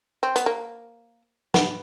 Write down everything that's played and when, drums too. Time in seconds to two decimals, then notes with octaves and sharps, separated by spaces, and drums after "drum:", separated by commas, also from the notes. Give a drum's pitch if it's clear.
0.23 C4
0.36 B3, drum: hi-hat
0.46 A#3
1.54 B3, drum: snare